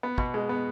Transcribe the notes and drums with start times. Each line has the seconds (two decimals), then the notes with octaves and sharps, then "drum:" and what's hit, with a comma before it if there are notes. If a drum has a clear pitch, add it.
0.03 B3
0.18 B2, drum: kick
0.34 G#3
0.49 B3